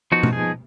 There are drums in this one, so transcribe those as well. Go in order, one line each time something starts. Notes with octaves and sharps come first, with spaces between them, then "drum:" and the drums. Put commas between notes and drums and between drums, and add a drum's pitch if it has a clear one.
F3 B3 D#4 F#4
drum: tom B2
G#4